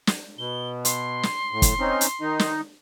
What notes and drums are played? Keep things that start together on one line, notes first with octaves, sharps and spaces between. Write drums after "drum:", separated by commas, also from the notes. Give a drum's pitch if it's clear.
drum: snare
B2 G7
C6, drum: hi-hat
drum: snare
A2
drum: kick, hi-hat
C4 C#4 D#4
drum: hi-hat
D#3 D#4
drum: snare